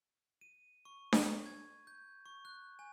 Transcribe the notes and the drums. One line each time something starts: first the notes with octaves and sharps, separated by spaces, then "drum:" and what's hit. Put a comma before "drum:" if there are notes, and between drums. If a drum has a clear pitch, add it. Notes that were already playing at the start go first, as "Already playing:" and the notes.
D#7
C#6
drum: snare D4
G#6
G6
C#6
F#6
G#5